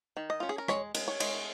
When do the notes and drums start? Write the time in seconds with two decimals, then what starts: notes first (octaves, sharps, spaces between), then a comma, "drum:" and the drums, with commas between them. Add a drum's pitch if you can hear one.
0.17 D#3
0.30 D#5
0.40 C#4 F4
0.49 G#4
0.58 A#4
0.68 G#3 C#5, drum: rim click
0.94 G#3, drum: cymbal
1.08 C#5
1.20 G#3, drum: cymbal